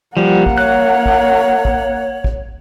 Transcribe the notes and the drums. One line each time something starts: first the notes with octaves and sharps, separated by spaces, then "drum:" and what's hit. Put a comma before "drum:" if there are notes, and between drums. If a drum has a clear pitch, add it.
F3 G3 A#3 F#5
drum: kick
C#5 F#6
drum: kick
drum: kick
drum: kick